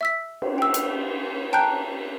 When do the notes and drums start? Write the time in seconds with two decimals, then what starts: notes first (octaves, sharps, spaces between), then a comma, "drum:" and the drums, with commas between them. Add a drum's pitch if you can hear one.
0.01 E5 E6 B6
0.42 drum: cymbal
0.58 G5 E6
0.74 drum: hi-hat
1.53 G5 A5 A#5 F#6 G6